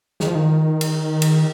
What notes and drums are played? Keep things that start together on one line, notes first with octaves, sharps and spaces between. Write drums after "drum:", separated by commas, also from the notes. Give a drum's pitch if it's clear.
D#3, drum: snare
F3
D#3
drum: cymbal
drum: cymbal